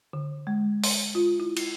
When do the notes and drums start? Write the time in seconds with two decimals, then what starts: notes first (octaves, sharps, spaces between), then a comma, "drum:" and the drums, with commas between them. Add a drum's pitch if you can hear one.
0.13 D3
0.47 G#3
0.84 C6, drum: open hi-hat
1.15 F4
1.40 E4
1.57 drum: cymbal